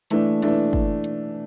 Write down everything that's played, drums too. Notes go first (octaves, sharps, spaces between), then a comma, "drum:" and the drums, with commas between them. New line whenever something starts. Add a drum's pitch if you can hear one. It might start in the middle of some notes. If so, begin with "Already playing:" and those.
E3 A3 D4, drum: hi-hat
E3 A3 D4, drum: hi-hat
drum: kick
drum: hi-hat